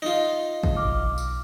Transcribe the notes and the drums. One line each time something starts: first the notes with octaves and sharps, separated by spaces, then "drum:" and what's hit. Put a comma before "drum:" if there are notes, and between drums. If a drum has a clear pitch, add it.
D#4 F4 A#6
drum: kick
B1 D6 F6
drum: tambourine